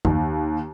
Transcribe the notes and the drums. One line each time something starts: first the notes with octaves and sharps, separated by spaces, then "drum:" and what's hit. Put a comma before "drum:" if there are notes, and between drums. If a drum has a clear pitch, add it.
D#2, drum: kick